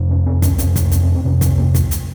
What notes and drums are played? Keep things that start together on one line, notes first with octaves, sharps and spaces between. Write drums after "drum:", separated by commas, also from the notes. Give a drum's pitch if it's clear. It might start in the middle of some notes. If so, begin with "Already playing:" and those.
Already playing: F2 C3
C#4
C4
C#4, drum: kick, hi-hat
F2 C3 C4, drum: hi-hat
C4, drum: kick, hi-hat
C#4, drum: hi-hat
C4
C4
F2 C3 C#4
C4, drum: kick, hi-hat
A#3
drum: kick, hi-hat
drum: hi-hat